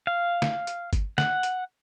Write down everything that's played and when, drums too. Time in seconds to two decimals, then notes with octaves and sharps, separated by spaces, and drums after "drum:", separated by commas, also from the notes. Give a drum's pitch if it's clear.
0.07 F5
0.42 drum: snare
0.67 drum: hi-hat
0.93 drum: kick G1, hi-hat
1.18 F#5, drum: snare
1.43 drum: hi-hat